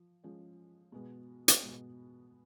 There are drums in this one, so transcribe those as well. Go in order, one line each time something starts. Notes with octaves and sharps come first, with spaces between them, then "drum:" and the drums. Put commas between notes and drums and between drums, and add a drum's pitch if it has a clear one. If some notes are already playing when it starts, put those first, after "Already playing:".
Already playing: F3
F3 G#3 C#4
B2 G#3 B3
drum: hi-hat
B2 G#3 B3